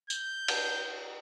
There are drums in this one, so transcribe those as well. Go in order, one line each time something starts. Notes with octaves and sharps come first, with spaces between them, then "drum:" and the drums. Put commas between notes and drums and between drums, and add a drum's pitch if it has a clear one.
G6, drum: tambourine
drum: cymbal